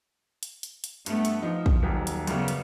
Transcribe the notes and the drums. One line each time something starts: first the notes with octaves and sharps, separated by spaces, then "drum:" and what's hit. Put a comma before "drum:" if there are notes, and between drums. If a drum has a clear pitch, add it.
drum: hi-hat
drum: hi-hat
drum: hi-hat
G2 A3 B3, drum: hi-hat
drum: hi-hat
F3 D#4
drum: kick
D#1 B1
drum: hi-hat
F#2 C#3 G3 B3, drum: hi-hat
drum: hi-hat